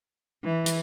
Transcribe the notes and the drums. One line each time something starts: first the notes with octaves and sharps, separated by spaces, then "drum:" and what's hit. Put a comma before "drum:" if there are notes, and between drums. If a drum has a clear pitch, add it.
E3
drum: hi-hat